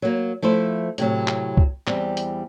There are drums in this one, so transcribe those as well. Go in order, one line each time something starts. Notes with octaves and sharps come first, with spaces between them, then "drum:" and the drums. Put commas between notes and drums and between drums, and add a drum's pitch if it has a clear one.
F#3 A#3
F3 A3 E4 C5
A2 C3 F#3, drum: hi-hat
drum: clap
drum: kick
E2 G3 C4, drum: clap
drum: hi-hat